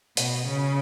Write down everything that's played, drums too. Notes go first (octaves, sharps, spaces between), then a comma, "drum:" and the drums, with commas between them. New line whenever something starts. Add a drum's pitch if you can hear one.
B2, drum: hi-hat
C#3